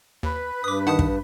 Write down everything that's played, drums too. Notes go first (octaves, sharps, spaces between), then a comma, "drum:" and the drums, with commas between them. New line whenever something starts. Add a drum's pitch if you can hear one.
D#2 B4
G2 D6 D#6
D#3 F#5 A5 D#6
drum: kick